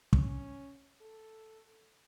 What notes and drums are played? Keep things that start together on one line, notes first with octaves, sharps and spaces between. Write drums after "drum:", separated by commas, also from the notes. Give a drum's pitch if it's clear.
C#4, drum: kick
A4